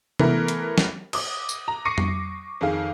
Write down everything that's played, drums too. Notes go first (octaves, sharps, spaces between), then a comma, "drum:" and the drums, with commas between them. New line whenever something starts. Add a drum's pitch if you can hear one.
E3 A3 B3 A#4, drum: tom C3
drum: hi-hat
drum: snare
D6 D#6, drum: cymbal
drum: tambourine
A#5
C#6 D6 A#6 C7 C#7 D#7
drum: tom F2
F2 D#3 G#4 F5